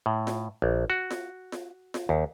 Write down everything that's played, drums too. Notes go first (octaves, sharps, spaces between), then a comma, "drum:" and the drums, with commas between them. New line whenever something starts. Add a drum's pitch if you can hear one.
A2
drum: snare F4
A#1
F#4
drum: snare F4
drum: snare F4
drum: snare F4
D#2